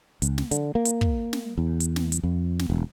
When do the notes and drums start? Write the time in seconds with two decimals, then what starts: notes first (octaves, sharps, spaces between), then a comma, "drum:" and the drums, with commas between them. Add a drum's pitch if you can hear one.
0.22 C#2, drum: hi-hat
0.38 drum: snare
0.51 D3, drum: hi-hat
0.75 A#3
0.85 drum: hi-hat
1.01 drum: kick
1.33 drum: snare
1.58 E2
1.80 drum: hi-hat
1.96 drum: snare
2.12 drum: hi-hat
2.23 F2
2.59 drum: snare
2.70 E1